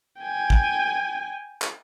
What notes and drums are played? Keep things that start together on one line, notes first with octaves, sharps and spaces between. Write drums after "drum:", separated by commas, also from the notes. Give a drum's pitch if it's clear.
G5 G#5
drum: kick
drum: clap